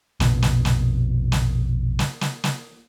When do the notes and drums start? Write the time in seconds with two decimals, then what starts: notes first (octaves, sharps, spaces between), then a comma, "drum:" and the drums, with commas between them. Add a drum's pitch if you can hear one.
0.20 A#1 F2 B2, drum: snare
0.42 drum: snare
0.65 drum: snare
1.32 drum: snare
1.99 drum: snare
2.21 drum: snare
2.44 drum: snare